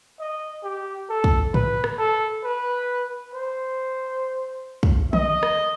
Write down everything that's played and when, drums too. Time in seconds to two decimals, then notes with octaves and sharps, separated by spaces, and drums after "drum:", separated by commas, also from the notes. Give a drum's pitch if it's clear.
0.20 D#5
0.64 G4
1.09 A4
1.24 drum: kick
1.54 B4, drum: tom G#2
1.84 drum: rim click
1.98 A4
2.44 B4
3.33 C5
4.83 drum: kick
5.13 D#5, drum: tom
5.43 drum: rim click